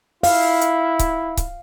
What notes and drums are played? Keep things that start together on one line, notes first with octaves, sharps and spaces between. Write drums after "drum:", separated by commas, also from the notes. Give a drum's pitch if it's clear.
E4 F5, drum: open hi-hat
drum: hi-hat
drum: kick C#1, hi-hat
drum: kick C#1, hi-hat